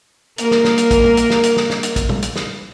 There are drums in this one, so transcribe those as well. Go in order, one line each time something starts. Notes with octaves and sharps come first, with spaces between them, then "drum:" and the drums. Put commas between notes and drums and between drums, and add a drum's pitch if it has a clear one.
A#3 A#4, drum: hi-hat
drum: snare
drum: snare
drum: hi-hat
drum: kick, hi-hat
drum: tom
drum: hi-hat
drum: snare
drum: hi-hat
drum: snare
drum: snare
drum: hi-hat
drum: kick, hi-hat
drum: tom
drum: hi-hat
drum: snare